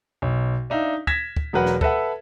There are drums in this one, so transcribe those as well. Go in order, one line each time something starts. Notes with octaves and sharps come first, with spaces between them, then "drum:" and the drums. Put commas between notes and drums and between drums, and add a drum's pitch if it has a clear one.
B1
D4 D#4 E5 F5
G#6 A#6 B6 E7, drum: kick
drum: kick
E1 F#3 A#4 B4 F#5
drum: snare
A4 B4 E5 F#5, drum: kick